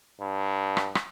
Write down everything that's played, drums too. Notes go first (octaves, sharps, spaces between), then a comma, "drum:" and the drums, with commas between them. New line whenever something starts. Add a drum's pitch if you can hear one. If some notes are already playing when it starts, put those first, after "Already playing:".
G2
drum: rim click
drum: rim click